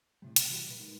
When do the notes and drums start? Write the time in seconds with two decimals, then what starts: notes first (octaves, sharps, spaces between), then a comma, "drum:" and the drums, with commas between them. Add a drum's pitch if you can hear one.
0.22 A2 C3 G3
0.36 C3, drum: hi-hat
0.50 E3 G3 F#4
0.67 A#2 B4
0.80 G#3 D#4 A#4